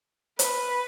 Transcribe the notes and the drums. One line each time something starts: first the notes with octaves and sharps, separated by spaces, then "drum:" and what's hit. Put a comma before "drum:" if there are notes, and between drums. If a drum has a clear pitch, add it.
B4, drum: hi-hat